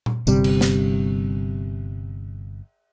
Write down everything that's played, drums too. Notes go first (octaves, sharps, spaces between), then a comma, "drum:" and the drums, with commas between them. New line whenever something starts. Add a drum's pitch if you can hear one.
drum: tom A#2
G1 C3 G3, drum: tambourine
drum: cymbal
drum: snare